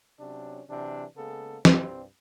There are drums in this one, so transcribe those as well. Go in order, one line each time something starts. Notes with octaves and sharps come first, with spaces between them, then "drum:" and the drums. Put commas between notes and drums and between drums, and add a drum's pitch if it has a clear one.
C3 F#3 C#4 D4
C3 E3 F#3 D4
C#3 G#3 A#3 B3 A4
C2 G2 G3 C4, drum: snare